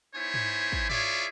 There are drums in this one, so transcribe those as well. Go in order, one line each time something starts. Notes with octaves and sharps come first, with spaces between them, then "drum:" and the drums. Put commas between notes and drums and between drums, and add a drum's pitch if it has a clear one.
B3 D#4 E4 C5 C#5 G#5
drum: tom G#2
drum: kick
E4 F4 G#4 C#5 D5 E5, drum: tom G#2